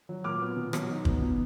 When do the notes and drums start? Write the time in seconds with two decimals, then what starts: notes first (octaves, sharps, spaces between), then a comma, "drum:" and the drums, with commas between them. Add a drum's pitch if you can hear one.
0.09 F#3
0.24 A#2 D6 F6
0.41 B3
0.57 B2
0.73 F#3, drum: rim click
0.90 D#4
1.05 B3, drum: kick
1.22 B2